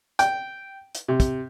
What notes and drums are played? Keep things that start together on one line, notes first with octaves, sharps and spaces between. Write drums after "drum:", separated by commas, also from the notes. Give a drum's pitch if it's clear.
G5, drum: hi-hat
drum: hi-hat
C3
drum: kick, hi-hat